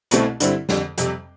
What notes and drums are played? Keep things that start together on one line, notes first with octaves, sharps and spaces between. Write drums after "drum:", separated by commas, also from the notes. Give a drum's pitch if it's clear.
C2 B2 A3 C4 E4, drum: hi-hat
G2 D3 G3 C4 E4, drum: hi-hat
F2 D3 G3, drum: snare
F2 C3 G3, drum: hi-hat